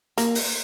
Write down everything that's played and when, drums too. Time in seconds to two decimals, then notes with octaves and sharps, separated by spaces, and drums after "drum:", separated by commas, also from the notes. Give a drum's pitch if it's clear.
0.18 A#3, drum: hi-hat
0.35 drum: open hi-hat